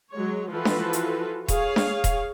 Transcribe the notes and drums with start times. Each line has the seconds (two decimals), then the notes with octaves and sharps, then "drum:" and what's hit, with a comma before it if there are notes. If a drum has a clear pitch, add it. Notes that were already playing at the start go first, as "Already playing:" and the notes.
0.12 F#3 G#3 C#5
0.51 E3 F3 F4 F#4 A4 B4
0.65 drum: snare D4
0.93 drum: hi-hat
1.48 G#4 C#5 F5, drum: kick D#1, hi-hat
1.76 drum: snare D4
2.04 drum: kick D#1, hi-hat